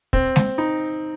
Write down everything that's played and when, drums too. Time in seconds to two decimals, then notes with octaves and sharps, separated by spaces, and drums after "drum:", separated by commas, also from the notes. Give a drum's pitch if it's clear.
0.13 C4, drum: kick
0.36 drum: snare G#3
0.58 D#4